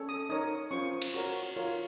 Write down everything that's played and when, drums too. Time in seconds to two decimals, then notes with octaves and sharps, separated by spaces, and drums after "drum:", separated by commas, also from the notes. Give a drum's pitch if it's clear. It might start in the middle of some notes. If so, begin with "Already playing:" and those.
Already playing: C#4 A4 C#5
0.09 D#6
0.29 D#4 A#4 C#5 D#6
0.71 C#4 F4 C5 C#6
1.02 drum: cymbal
1.14 F#4 A#4 C#5
1.56 F4 A#4 C#5